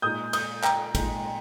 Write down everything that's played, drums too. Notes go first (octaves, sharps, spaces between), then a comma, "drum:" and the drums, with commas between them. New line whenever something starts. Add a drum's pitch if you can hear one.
A#2 G#3 D#4 D#6 G6
D#6 G6, drum: cymbal
G5 A#5, drum: clap
A#2 G#3 D#4, drum: kick G#1, cymbal